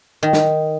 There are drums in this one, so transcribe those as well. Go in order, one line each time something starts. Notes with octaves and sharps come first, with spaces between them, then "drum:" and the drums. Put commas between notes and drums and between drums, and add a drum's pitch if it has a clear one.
D#3
drum: snare